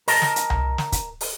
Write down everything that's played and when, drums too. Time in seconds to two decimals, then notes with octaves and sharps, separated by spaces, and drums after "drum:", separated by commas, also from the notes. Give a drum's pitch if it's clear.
0.08 A#4 D#5 A5, drum: open hi-hat
0.22 drum: snare
0.36 drum: hi-hat
0.50 drum: tom C2
0.78 drum: snare
0.92 drum: kick, hi-hat
1.21 drum: open hi-hat